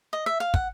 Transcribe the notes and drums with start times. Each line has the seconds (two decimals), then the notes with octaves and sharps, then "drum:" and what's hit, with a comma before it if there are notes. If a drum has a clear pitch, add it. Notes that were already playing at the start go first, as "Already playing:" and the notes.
0.13 D#5
0.26 E5
0.40 F5
0.54 F#5, drum: kick